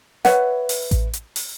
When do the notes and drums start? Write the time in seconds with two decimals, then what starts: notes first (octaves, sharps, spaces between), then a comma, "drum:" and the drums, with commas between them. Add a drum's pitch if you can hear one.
0.25 B4 C#5 E5 F#5, drum: snare
0.69 drum: open hi-hat
0.91 drum: kick A1, hi-hat
1.13 drum: hi-hat
1.36 drum: open hi-hat